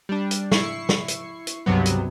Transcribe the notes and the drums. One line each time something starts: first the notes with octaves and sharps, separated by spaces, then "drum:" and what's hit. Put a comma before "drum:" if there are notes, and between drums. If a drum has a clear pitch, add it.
G3 D4
drum: hi-hat
E4 C#6 C7, drum: snare
drum: snare
drum: hi-hat
drum: hi-hat
C#2 G2 C3 F#3 B3
drum: hi-hat